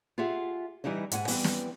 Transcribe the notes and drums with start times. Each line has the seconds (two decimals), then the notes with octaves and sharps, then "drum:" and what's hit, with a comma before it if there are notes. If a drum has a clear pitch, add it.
0.18 F4 G4 G#4 E5 F#5
0.84 E3 G3 D#4 E4 D#5
1.12 G#2 F#5 G#5, drum: hi-hat
1.28 E3 G3 B3 C4, drum: open hi-hat
1.44 drum: snare